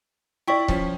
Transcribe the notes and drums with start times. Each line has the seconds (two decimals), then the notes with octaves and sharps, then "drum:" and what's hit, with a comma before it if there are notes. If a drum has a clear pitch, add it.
0.48 E4 D5 G5 C#6 B6
0.68 F3 C#4, drum: kick